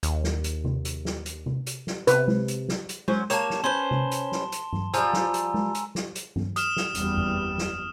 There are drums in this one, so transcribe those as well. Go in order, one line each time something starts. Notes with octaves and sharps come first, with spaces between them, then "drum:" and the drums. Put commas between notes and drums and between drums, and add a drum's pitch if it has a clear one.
D#2, drum: hi-hat
drum: snare
drum: hi-hat
drum: tom C3
drum: hi-hat
drum: snare
drum: hi-hat
drum: tom C3
drum: hi-hat
drum: snare
C3 B4, drum: hi-hat
drum: tom G#3
drum: hi-hat
drum: snare
drum: hi-hat
F#3 C#4 C5, drum: tom G#3
A#3 G4 C#5 A5 E7, drum: hi-hat
drum: snare
C#4 B4 C5 C6 G7
drum: tom C3
drum: hi-hat
drum: snare
drum: hi-hat
drum: tom G2
F3 G3 G#5 A#5 E6, drum: hi-hat
drum: snare
drum: hi-hat
drum: tom G#3
drum: hi-hat
drum: snare
drum: hi-hat
drum: tom G2
D#6 F6 E7, drum: hi-hat
drum: snare
F#1 E2 G3, drum: hi-hat
drum: tom F2
drum: snare